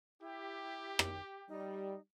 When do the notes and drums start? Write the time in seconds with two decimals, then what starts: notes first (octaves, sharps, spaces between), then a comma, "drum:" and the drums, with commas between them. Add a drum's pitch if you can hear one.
0.20 E4 G4
0.99 drum: rim click
1.49 G3 D#4